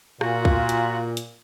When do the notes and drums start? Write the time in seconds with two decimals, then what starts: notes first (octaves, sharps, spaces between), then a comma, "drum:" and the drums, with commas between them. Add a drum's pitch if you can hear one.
0.21 A#2 F4 F#4, drum: rim click
0.45 drum: kick
0.69 drum: hi-hat
1.17 drum: hi-hat